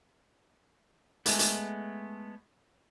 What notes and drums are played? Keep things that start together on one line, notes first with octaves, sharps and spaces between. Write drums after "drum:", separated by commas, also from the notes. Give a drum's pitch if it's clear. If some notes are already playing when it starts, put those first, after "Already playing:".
G#3 A3 B3, drum: hi-hat
drum: hi-hat